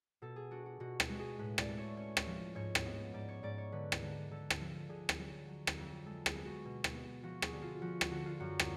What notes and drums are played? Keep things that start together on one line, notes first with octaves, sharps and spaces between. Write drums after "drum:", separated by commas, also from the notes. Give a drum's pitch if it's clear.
B2 A4
G#4
D4 F#4
F#4
B2 F#4
F#4, drum: rim click
G#3
G#4
A2 B4
D5, drum: rim click
A3
C#5
C#4 C#5
drum: rim click
F3
G#2 C#5
drum: rim click
B3
G#2 D5
C#5
G#2 D5
C#5
D3 B4
drum: rim click
D3
D3 A4
drum: rim click
F3
D3 G#4
drum: rim click
F#3
F#3
drum: rim click
F2
G#3 A4
G#4, drum: rim click
B3
F#4
B2
drum: rim click
B3
F3 F#4
G#4, drum: rim click
D3
F4
F3 F#4
drum: rim click
D3 F#4
F4
F#2 F#4
drum: rim click